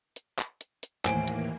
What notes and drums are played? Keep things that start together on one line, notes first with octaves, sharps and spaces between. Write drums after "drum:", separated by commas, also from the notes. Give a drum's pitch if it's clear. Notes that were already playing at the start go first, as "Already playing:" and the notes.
drum: hi-hat
drum: clap
drum: hi-hat
drum: hi-hat
D#2 A2 E3 A#3 C5 G#5 D7, drum: clap
drum: hi-hat